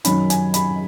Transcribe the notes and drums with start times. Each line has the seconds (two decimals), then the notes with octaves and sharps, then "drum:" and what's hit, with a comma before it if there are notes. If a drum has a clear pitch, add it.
0.05 F#2 D#3 F#3 C#4 B5, drum: hi-hat
0.30 G#5, drum: hi-hat
0.54 B5, drum: hi-hat